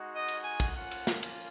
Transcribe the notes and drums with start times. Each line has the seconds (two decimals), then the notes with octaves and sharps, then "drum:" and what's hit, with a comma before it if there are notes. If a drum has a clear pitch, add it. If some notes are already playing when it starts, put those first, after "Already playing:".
Already playing: G#3 D#4 F#4
0.13 D#5
0.28 drum: cymbal
0.44 G#5
0.60 drum: kick, cymbal
0.75 A#3 C#4 F4 F#5
0.91 drum: cymbal
1.07 drum: snare
1.23 drum: cymbal